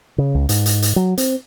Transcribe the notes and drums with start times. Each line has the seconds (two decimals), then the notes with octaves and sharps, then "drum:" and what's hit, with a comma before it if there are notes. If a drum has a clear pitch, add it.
0.18 C#3
0.35 C#2
0.49 G#2, drum: hi-hat
0.66 drum: hi-hat
0.82 drum: hi-hat
0.96 F#3
1.18 C4, drum: hi-hat